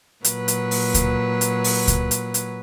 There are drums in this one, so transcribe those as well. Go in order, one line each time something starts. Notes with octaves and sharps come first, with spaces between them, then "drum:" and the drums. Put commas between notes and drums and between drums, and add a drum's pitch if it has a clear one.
A#2 F#3 B4, drum: hi-hat
drum: hi-hat
drum: open hi-hat
drum: kick C#2, hi-hat
drum: hi-hat
drum: open hi-hat
drum: kick C#2, hi-hat
drum: hi-hat
drum: hi-hat